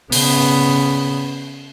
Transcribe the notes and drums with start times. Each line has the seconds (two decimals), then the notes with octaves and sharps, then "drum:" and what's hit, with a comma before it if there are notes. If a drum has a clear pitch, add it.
0.12 C#3 B3, drum: open hi-hat